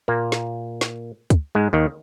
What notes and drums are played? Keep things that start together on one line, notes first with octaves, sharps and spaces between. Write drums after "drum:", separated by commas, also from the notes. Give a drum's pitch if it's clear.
A#2 A#3
drum: snare
drum: snare
drum: kick, hi-hat
G#2 G#3
D#2 D#3